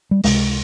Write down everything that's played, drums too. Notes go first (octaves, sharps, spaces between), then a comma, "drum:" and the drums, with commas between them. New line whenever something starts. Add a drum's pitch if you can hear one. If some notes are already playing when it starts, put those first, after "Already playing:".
G3
C#2 C3 G#3, drum: open hi-hat